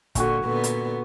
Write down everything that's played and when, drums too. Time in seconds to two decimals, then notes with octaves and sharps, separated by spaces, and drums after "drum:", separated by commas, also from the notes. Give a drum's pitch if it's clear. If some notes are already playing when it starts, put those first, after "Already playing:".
0.15 A#2 D3 F#4 G#5 C#6, drum: kick, hi-hat
0.44 A#2 D3 B3
0.64 drum: hi-hat